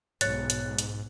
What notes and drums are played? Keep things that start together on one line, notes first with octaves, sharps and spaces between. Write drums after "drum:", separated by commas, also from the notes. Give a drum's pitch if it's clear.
B1 G#2 C#5 F#6 A6, drum: hi-hat
drum: hi-hat
drum: hi-hat